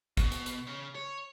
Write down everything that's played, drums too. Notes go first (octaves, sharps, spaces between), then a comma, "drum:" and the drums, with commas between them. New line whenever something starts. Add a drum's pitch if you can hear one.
B2, drum: kick, hi-hat
drum: hi-hat
drum: hi-hat
C#3
C#5